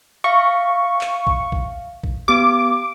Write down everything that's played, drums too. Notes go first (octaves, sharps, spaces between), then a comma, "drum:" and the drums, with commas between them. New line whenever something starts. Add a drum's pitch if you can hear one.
E5 F5 C#6
drum: clap
drum: kick
drum: kick
drum: kick
B3 G4 D6